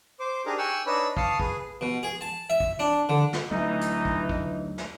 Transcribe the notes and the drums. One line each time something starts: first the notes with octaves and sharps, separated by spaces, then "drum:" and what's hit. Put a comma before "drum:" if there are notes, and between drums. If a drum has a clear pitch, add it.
C5 D6
D4 D#4 G4 G#4 A#4 D#5
G5 G#5 C#6 E6 F#6
D4 D#4 B4 C#5 B5 E6
F5 A5 C#6 D#6 F6, drum: kick
G#4 B4, drum: kick
B2
G#4
A5
E5
drum: kick
D4
D3
drum: snare
D2 E3 F#3 A3 D#4
drum: hi-hat
drum: kick
drum: kick
drum: snare